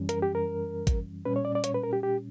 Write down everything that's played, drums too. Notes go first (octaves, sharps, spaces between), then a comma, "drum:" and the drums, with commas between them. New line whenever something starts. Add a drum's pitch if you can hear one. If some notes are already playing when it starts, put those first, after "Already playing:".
Already playing: F#2 E3 G3 C#4
A#4, drum: hi-hat
G4
A#4
drum: kick G#1, hi-hat
A#2 G3 C#4 B4
C#5
D5
D5
C#5, drum: hi-hat
B4
A#4
G4
G4